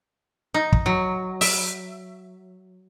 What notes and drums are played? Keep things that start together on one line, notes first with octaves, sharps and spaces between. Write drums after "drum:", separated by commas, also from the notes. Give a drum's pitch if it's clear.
D#4
drum: kick
F#3
E5, drum: open hi-hat